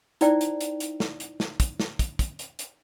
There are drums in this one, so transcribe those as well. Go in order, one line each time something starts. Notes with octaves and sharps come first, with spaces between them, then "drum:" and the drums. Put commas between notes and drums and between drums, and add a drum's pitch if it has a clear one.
D#4 E4 C5 D5 G5, drum: hi-hat
drum: hi-hat
drum: hi-hat
drum: hi-hat
drum: snare
drum: hi-hat
drum: snare
drum: kick, hi-hat
drum: snare
drum: kick, hi-hat
drum: kick, hi-hat
drum: hi-hat
drum: hi-hat